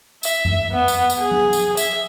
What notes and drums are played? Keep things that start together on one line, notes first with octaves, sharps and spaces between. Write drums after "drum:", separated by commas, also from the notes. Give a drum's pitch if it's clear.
E5, drum: tambourine
drum: tom F#2
B3
drum: tambourine
drum: tambourine
G#4
drum: tom F#3
drum: tambourine
E5, drum: tambourine